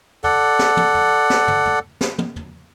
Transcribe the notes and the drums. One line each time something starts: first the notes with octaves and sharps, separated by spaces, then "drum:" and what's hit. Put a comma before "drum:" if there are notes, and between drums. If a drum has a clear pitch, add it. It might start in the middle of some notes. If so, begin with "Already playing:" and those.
A4 D5 F#5, drum: tom
drum: snare
drum: tom
drum: tom
drum: snare
drum: tom
drum: tom
drum: snare
drum: tom
drum: tom